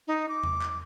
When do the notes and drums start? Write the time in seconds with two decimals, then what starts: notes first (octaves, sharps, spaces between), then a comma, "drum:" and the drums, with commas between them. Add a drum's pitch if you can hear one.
0.08 D#4
0.29 D6
0.43 drum: tom E2
0.61 drum: clap